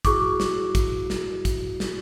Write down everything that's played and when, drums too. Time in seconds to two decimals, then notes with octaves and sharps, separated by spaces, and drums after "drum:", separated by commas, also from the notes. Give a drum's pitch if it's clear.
0.05 E4 F#4 G#4 C#6 D6, drum: kick, hi-hat
0.40 drum: snare
0.75 drum: kick, hi-hat
1.10 drum: snare
1.45 drum: kick, hi-hat
1.80 drum: snare